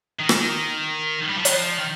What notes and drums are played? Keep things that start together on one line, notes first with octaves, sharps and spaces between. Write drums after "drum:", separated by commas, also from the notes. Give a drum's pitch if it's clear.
D#3
drum: rim click
G3
F3
D#3, drum: hi-hat
F3
D#3